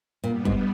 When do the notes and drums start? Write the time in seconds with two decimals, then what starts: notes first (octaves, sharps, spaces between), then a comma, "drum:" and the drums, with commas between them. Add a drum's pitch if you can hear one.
0.23 G2 A#2 G3 B3
0.45 G#2, drum: kick